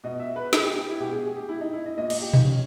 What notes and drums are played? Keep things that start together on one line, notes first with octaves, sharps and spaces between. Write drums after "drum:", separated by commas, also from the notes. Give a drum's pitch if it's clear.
B2 D#5
E5
B4
G#4, drum: snare
G4
G4
E4
B2 G4
G#4
G#4
G4
E4
D#4
E4
D#5
A#2 D#5
D#5, drum: cymbal
G4
D#4, drum: tom A#2
C#4